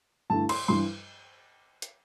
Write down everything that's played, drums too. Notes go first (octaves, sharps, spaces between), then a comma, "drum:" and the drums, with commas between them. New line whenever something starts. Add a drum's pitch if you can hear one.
G2 D3 A3 E4 A5
C6, drum: cymbal
G2 E3 G3 C6
drum: hi-hat